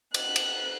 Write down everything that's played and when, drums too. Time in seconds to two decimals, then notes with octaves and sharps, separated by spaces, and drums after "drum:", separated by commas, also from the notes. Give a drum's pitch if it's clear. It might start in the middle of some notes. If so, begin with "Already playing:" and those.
0.14 F#6, drum: cymbal
0.36 drum: cymbal